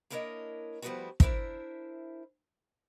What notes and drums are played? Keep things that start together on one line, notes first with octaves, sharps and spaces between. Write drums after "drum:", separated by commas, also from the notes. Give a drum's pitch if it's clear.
A#3 D4 E4 A#4 C#5 D#5
F3 G3 A3 B3 E4 F#4
D4 E4 F#4 A#4 C5 E5, drum: kick